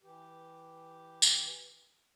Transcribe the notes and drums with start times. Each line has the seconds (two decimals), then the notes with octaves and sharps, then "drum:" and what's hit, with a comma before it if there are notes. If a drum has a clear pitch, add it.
0.03 E3 G4
1.22 drum: tambourine